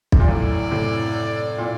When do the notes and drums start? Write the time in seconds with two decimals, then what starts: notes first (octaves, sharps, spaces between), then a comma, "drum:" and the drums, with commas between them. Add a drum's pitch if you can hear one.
0.12 C3, drum: kick
0.20 A#2
0.28 F#2 A2 D5
0.71 A2 C3
1.58 A#2